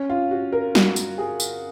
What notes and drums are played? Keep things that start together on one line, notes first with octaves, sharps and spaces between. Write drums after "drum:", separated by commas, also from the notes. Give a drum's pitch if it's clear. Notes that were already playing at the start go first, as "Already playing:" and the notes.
Already playing: C#4
F4
F#4
A#4
F#4, drum: snare
drum: tambourine
G#4
drum: tambourine